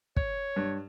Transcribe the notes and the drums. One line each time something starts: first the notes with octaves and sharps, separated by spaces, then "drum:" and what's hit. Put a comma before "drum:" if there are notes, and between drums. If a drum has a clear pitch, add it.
C#5, drum: kick
G2